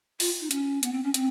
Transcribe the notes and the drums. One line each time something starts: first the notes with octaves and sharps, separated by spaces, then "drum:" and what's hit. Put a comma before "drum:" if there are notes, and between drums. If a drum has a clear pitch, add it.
F4, drum: open hi-hat
D#4
C#4, drum: hi-hat
B3, drum: hi-hat
C4
C#4
C4, drum: hi-hat